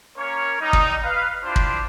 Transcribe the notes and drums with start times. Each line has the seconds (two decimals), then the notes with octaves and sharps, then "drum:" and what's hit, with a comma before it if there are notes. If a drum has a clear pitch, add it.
0.18 A#3 C#4 A#4 C#5
0.59 G3 D#4
0.73 drum: kick
1.04 B4 F5
1.44 D4 E4 F4 G4 C5
1.56 drum: kick